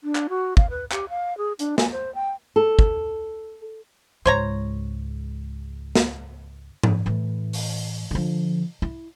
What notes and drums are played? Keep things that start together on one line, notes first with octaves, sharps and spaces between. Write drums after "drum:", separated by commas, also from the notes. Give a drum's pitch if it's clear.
D4
drum: clap
F#4
F5, drum: kick
B4
G4, drum: clap
F5
G#4
D4, drum: hi-hat
G#5, drum: snare
C5
G5
A4
drum: kick
C#2 G#2 C5 C#5 A#5
drum: snare
drum: tom G#2
A2 E3
drum: open hi-hat
D3 F3
E4